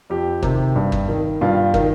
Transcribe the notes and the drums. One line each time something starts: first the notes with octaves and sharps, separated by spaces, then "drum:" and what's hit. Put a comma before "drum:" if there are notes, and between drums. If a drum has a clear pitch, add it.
F2 G4
C3 D#3, drum: kick
G2
drum: kick
D#3
G2 F4
D#3, drum: kick